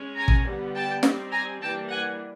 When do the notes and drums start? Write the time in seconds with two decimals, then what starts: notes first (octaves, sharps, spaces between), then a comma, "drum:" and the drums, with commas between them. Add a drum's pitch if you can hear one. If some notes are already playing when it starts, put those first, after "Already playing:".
Already playing: G#3 C#4
0.16 G#5 A#5
0.28 drum: kick
0.46 D3 G3 B3
0.74 G5 A5
1.03 G3 C4 D#4, drum: snare
1.31 G#5 A#5
1.60 E3 G3 A#3 D4 G5 A5
1.89 F#5 G#5